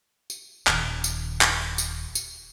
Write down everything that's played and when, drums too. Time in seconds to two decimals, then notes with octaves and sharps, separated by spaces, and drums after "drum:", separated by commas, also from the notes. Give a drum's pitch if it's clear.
0.30 drum: tambourine
0.67 D#1 D#3, drum: clap
1.04 drum: tambourine
1.41 drum: clap
1.78 drum: tambourine
2.15 drum: tambourine